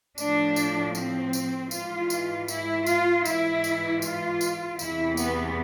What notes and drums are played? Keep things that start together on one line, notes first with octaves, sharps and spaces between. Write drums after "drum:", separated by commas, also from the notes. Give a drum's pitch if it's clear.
A2 F3 D4, drum: tambourine
drum: tambourine
C4, drum: tambourine
drum: tambourine
G#2 E3 F4, drum: tambourine
drum: tambourine
E4, drum: tambourine
F4, drum: tambourine
G#2 E3 E4, drum: tambourine
drum: tambourine
F4, drum: tambourine
drum: tambourine
E2 C3 E3 E4, drum: tambourine
B3, drum: tambourine